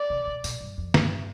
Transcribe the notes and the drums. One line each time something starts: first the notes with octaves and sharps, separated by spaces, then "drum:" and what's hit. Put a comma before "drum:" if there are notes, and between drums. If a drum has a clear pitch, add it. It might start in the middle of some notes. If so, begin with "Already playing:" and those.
Already playing: D5
C3
B2
B2, drum: tambourine
G2
F2
G2, drum: snare